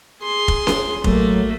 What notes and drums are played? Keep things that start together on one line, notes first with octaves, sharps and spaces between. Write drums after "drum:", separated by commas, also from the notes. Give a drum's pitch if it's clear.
G#4 C6
drum: kick F1
drum: snare C#4
A1 F#3 A3 A#3, drum: kick F1